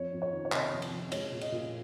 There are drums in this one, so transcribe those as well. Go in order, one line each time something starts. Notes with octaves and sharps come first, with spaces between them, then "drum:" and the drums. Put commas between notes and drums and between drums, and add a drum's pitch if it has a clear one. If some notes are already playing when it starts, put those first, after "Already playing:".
Already playing: F2 C#5
F2
C#5
D#3
C#5
C3 D#5, drum: clap
F2
drum: cymbal
F2
G#3 C#5, drum: cymbal
A#2
D#5, drum: cymbal
A#2